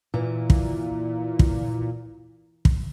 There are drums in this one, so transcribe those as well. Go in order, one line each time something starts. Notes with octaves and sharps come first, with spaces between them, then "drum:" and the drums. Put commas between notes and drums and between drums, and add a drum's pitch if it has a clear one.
A#2 E3
drum: kick
drum: kick
drum: kick